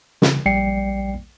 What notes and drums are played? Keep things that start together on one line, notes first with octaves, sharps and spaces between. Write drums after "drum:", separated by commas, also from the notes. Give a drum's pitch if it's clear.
C#3, drum: snare
A#1 G3 D5 G5 C7 C#7